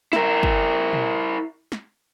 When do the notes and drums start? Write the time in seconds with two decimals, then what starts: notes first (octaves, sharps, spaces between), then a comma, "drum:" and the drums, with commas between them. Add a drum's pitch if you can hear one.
0.13 E4 A#4, drum: snare
0.43 drum: kick
0.93 drum: tom
1.72 drum: snare